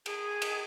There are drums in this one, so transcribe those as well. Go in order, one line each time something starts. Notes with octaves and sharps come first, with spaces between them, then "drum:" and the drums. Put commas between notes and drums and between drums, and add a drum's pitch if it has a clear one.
G#4, drum: cymbal
drum: cymbal